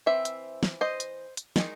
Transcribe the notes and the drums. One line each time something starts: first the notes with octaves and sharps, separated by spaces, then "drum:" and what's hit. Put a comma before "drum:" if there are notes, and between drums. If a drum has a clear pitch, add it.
E3 C4 E5
drum: hi-hat
drum: snare
C5 D#5
drum: hi-hat
drum: hi-hat
D#3 G#3 D#4, drum: snare